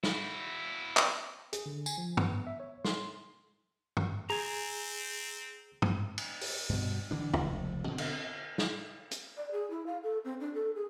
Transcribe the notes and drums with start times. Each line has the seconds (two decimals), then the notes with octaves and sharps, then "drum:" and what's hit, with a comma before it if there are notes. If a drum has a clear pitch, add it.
0.04 E4 F#4, drum: snare
0.97 drum: clap
1.53 G#4, drum: hi-hat
1.66 D3
1.86 G#5, drum: tambourine
1.98 F3
2.17 B3, drum: tom
2.47 E5
2.60 C#5
2.85 C6, drum: snare
3.97 drum: tom
4.30 C4 G#4 G#5 A#5
5.82 drum: tom
6.18 drum: cymbal
6.41 drum: open hi-hat
6.69 G2 B2
7.11 D3 E3 D4
7.34 F1 C#2, drum: tom
7.88 B2 D3 C4
7.98 drum: cymbal
8.58 drum: snare
9.11 drum: hi-hat
9.37 D5
9.52 G#4
9.70 E4
9.86 F5
10.03 A4
10.24 C4
10.40 D4
10.54 A4
10.75 G#4